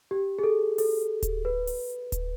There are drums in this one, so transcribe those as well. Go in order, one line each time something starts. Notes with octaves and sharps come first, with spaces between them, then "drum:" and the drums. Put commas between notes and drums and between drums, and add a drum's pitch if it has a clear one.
G4
G#4
A4
A4, drum: open hi-hat
drum: kick D1, hi-hat
B4
drum: open hi-hat
drum: kick D1, hi-hat